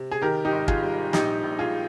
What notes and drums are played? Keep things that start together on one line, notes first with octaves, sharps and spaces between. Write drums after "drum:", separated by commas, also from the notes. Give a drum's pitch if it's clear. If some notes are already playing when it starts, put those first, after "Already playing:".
Already playing: C3
G#4
D#3 G4 A#4
D#4 G4
G#1
F4 G#4, drum: kick
G3
A#1 D#4 G4, drum: snare
A#1
F4 G#4